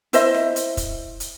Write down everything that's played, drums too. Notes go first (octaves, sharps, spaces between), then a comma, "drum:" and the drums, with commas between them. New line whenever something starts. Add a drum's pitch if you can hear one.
E4 C5 D#5 E5, drum: hi-hat
drum: snare
drum: hi-hat
drum: kick, hi-hat
drum: hi-hat